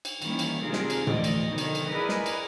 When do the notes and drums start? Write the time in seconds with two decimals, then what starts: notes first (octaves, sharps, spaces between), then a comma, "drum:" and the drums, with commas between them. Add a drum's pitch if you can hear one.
0.05 drum: cymbal
0.22 D#3 E3 G3 A#3 C#4 E4, drum: cymbal
0.39 drum: cymbal
0.61 C3 D#3 D4 F4 G#4 A#4
0.73 drum: snare
0.90 drum: cymbal
1.07 D2 D3 E3 F3 D5 D#5, drum: tom A2
1.24 drum: cymbal
1.49 B2 D3 D#3 F3
1.58 drum: cymbal
1.75 drum: cymbal
1.88 E4 G#4 A#4 B4 D5 D#5
2.09 drum: snare
2.26 drum: cymbal